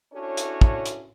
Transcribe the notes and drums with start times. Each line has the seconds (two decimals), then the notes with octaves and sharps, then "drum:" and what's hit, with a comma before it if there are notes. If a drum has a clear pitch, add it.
0.13 C#4 D4 E4 F#4 A4 C#5
0.37 drum: hi-hat
0.61 drum: kick
0.86 drum: hi-hat